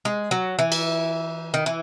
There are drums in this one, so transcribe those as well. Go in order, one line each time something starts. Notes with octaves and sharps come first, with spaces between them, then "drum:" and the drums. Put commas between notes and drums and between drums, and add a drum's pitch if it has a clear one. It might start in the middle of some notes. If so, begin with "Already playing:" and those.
G#3
F#3
E3
drum: cymbal
D#3
E3